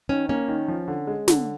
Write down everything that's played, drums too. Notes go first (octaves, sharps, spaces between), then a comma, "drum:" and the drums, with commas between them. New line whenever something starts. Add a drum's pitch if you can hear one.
D#3 C#4
A#3 C#4
D#3
F3
D3
G#3
D3, drum: snare